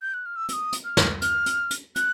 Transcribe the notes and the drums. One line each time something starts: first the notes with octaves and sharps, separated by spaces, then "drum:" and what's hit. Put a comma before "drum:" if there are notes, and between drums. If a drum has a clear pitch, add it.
G6
F#6
F6
E6
E6, drum: hi-hat
D#6
drum: hi-hat
F6
drum: snare
F6, drum: hi-hat
drum: hi-hat
drum: hi-hat
F#6, drum: hi-hat